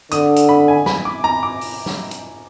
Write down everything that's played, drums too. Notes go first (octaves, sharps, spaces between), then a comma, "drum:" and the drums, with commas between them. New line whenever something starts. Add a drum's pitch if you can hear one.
D3 D#6, drum: hi-hat
drum: hi-hat
B5
G#5
B5, drum: snare
D6
A#5
D6
drum: open hi-hat
drum: snare
drum: hi-hat